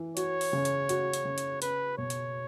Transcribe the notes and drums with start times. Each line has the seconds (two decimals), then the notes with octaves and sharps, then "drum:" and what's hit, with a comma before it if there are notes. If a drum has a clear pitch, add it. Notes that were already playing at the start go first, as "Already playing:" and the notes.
Already playing: E3
0.17 F#4 C#5, drum: hi-hat
0.41 drum: open hi-hat
0.53 C#3
0.65 drum: hi-hat
0.89 F#4, drum: hi-hat
1.13 drum: hi-hat
1.25 C#3
1.38 drum: hi-hat
1.62 C#4 B4, drum: hi-hat
1.98 B2 C#5
2.10 drum: hi-hat